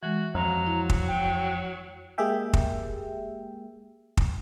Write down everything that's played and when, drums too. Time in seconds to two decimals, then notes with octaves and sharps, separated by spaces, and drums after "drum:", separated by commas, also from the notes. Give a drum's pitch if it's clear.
0.03 E3 G#3 F#4
0.35 F2 F#3 A#5
0.67 E4
0.90 drum: kick
1.07 G5
2.18 G#3 A#3 G4 G#4 E5 G5
2.53 drum: kick
4.17 drum: kick